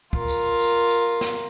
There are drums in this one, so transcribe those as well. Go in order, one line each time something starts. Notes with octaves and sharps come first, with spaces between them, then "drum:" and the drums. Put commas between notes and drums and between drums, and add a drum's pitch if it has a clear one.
F4 A#4, drum: kick
drum: tambourine
drum: tambourine
drum: tambourine
drum: snare